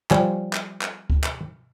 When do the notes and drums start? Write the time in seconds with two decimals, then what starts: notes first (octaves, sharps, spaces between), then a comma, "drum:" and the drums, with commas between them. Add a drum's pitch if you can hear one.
0.11 F3 G3 C#5 G#5, drum: clap
0.53 drum: clap
0.81 drum: clap
1.10 drum: kick
1.24 drum: clap